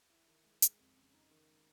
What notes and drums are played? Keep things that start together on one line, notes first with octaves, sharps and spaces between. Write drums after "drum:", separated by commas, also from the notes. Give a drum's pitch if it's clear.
E4
D#3
G#3
G#3, drum: hi-hat
F2
C#3
D#4
D#3
G#3